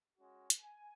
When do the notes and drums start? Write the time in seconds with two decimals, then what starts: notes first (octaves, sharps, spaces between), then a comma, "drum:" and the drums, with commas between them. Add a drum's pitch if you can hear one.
0.18 G#3 C#4 F#4
0.50 drum: hi-hat
0.61 G#5